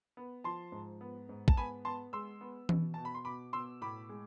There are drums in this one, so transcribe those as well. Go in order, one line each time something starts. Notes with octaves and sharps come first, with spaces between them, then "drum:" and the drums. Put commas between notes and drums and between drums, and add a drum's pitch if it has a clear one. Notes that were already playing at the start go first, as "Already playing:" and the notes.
B3
F3 A5 C6
G#2
B3
G#2
A5, drum: kick
B3 G#5 B5
B3 A5 C6
G#3 C6 E6
B3
B2, drum: tom E3
B2 A5
B5
C6
B2 B5 D6
B2 C6 E6
A2 B5 D6
G#3